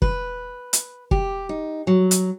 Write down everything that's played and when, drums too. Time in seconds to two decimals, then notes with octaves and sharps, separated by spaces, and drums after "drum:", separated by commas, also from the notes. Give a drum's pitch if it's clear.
0.02 B4, drum: kick
0.73 drum: hi-hat
1.11 G4, drum: kick
1.49 D#4
1.87 F#3
2.11 drum: hi-hat